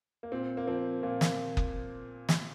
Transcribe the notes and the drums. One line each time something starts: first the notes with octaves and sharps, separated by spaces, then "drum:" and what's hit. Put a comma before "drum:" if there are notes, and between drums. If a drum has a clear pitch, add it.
A#3
A#2 C4
A#3
F3 C4
A#2 A#3
drum: snare
drum: kick F#1
drum: snare